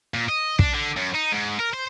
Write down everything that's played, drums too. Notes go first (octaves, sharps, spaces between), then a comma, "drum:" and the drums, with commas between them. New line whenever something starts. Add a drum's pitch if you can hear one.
A#2
D#5
D4, drum: kick
D3
F#2
D#4
G#2
A#4
C5